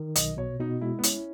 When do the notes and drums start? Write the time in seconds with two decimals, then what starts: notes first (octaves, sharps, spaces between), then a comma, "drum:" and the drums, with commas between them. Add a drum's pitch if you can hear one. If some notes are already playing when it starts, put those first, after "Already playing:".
Already playing: D#3
0.15 B1 D#5, drum: hi-hat
0.37 B2 C#5
0.59 B2 D#4
0.81 G#3 E4
0.99 B3
1.03 C#4 E4, drum: hi-hat